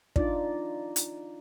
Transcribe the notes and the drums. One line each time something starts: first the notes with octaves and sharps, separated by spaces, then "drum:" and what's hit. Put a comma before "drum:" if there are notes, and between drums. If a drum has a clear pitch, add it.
D4 D#4 F4 D5, drum: kick
drum: hi-hat